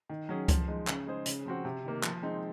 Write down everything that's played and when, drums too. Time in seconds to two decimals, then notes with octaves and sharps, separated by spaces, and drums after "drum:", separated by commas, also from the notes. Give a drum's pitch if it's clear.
0.10 D#3
0.29 F#3 C#4 G#4
0.48 F3, drum: kick C#2, hi-hat
0.68 G#3 D#4
0.87 C#3, drum: clap
1.07 G#3 D#4 G#4 C5
1.26 C#3, drum: hi-hat
1.46 F3 C4 F#4
1.65 C3
1.85 D#3 A#3
2.03 F3, drum: clap
2.23 G#3 C4 D#4